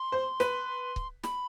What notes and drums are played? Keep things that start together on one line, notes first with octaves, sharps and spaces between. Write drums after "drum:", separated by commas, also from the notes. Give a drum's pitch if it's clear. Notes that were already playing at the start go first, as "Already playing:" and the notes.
Already playing: C6
C5
B4, drum: snare
drum: kick C#1
B5, drum: snare